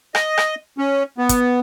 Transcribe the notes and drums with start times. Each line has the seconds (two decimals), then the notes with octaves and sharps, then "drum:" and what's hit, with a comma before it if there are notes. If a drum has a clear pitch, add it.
0.15 D#5, drum: rim click
0.38 drum: rim click
0.78 C#4
1.18 B3
1.29 drum: kick, hi-hat